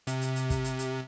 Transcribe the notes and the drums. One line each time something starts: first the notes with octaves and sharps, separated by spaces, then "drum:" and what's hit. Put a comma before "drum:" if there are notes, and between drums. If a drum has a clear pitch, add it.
C3, drum: hi-hat
drum: hi-hat
drum: hi-hat
drum: kick, hi-hat
drum: hi-hat
drum: hi-hat